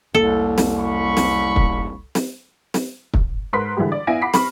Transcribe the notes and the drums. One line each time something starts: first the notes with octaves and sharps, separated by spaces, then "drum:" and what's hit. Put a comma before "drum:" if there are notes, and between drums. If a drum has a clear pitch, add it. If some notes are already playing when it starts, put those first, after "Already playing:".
F1 C2 A#3 A4
drum: snare
B5 C#6
drum: snare
drum: kick
drum: snare
drum: snare
drum: kick
G#2 A#4 B4 C6 B6
D3 E3 G3 G#3 G4
D5
B3 E4 F5 G#5 A#6 D7
F#5 B5 D6 B6 C7
B5 C#6 F6, drum: snare